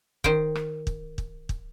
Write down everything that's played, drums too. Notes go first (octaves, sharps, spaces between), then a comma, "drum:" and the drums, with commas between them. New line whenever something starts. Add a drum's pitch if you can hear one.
D#3 C5 G5, drum: kick
drum: rim click
drum: kick
drum: kick
drum: kick